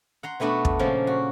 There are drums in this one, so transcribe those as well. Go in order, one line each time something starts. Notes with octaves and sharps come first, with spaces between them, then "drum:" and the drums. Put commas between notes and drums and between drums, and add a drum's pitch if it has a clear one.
F#5 A#5 C6
B2 A3 B3 D4 F#4
drum: kick
A#2 C#3 F3 G#3 A#3 F4
F#4